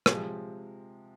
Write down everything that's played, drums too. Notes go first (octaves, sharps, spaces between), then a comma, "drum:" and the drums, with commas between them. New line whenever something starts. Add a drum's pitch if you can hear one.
C3 F3 G#3, drum: rim click